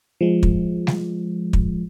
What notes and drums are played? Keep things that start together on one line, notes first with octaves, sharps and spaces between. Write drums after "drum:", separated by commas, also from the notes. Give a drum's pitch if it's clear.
F3 G#3
drum: kick
drum: snare G3
drum: kick